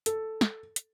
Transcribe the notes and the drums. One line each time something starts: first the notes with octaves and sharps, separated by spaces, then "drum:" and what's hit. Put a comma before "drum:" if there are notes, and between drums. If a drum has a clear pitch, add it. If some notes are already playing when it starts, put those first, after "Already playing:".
A4, drum: hi-hat
drum: snare
drum: hi-hat